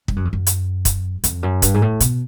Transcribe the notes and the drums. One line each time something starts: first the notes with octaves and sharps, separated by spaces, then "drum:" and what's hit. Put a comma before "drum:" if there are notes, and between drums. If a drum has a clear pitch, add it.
G2, drum: kick
F#2
F2
F#2
drum: hi-hat
drum: kick, hi-hat
F2, drum: hi-hat
F#2
G2, drum: kick, hi-hat
G#2
A2
B2, drum: hi-hat